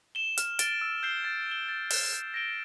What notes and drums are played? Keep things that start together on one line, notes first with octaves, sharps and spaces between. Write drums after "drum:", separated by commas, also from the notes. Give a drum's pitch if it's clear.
E7 G7
F6, drum: hi-hat
A6 D7 G7, drum: hi-hat
E6
G6 C7 G7
A6
E7 G7
A6
C7 E7 G7, drum: open hi-hat
G6
A#6 D7 G7